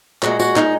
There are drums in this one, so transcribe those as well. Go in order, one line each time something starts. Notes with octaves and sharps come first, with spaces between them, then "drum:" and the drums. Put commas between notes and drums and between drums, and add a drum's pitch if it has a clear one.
A#2 G#3 F#4, drum: clap
F#4, drum: tambourine
D#4, drum: clap